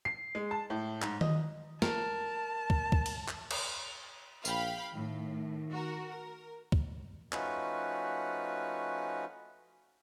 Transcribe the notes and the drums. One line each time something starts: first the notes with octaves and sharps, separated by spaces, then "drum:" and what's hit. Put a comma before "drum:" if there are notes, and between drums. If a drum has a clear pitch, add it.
C7
G#3
A5
A2
G#2, drum: clap
D#5, drum: tom D#3
A#4 A5, drum: snare
drum: kick
drum: kick
drum: cymbal
drum: clap
drum: cymbal
A#1 F5 G5 B5, drum: tambourine
A2 D#3
F#4 A#4
A#4
drum: kick
F3 A3 C#4 D#4 F#4 B4, drum: clap